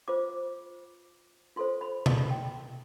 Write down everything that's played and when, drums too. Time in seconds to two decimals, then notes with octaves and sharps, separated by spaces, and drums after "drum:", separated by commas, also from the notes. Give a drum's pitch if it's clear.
0.08 F4 C5 D6
1.56 F4 A4 C5 C6
1.81 B5
2.06 A5, drum: tom B2
2.31 G5